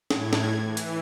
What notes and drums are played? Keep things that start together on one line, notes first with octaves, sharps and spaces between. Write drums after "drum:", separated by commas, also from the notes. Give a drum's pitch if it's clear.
A2 G#6, drum: snare
drum: snare
E3
drum: hi-hat